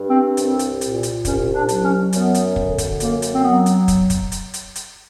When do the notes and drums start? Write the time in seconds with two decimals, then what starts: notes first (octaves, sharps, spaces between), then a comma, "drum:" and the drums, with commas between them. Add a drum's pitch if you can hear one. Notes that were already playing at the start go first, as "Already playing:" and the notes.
Already playing: G2
0.08 C4
0.37 C2 C4, drum: hi-hat
0.59 drum: hi-hat
0.81 A#2, drum: hi-hat
1.03 drum: hi-hat
1.25 C2 C#4, drum: kick, hi-hat
1.54 D4
1.69 F#3, drum: hi-hat
1.84 C#4
2.13 F#2 B3, drum: hi-hat
2.35 drum: hi-hat
2.56 D3, drum: kick
2.78 drum: kick, hi-hat
3.00 F#2 A#3, drum: hi-hat
3.22 drum: hi-hat
3.33 C4
3.44 F#3 B3
3.66 drum: hi-hat
3.88 drum: kick, hi-hat
4.10 drum: kick, hi-hat
4.32 drum: hi-hat
4.54 drum: hi-hat
4.76 drum: hi-hat